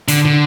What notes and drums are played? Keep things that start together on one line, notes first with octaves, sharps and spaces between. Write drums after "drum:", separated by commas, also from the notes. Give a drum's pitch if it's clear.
D3, drum: open hi-hat
D3